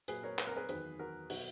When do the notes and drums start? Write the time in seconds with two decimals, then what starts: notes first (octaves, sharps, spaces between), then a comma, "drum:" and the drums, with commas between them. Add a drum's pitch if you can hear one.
0.08 A#2 F#3 G#4 B4, drum: hi-hat
0.23 A#4 C#5
0.38 B4, drum: clap
0.47 A#4
0.56 G#4 B4
0.69 E2 D#3 F#3 G#4 B4, drum: hi-hat
0.99 F#4 A#4
1.30 B2 F#3 F#4, drum: open hi-hat